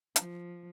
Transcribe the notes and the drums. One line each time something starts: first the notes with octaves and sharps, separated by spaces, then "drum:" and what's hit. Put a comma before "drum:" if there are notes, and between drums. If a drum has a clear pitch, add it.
F3, drum: hi-hat